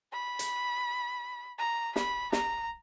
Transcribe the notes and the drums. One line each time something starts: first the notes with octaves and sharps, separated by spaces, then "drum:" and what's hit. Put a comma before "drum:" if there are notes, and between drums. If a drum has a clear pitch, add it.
B5
drum: hi-hat
A#5
B5, drum: snare
A#5, drum: snare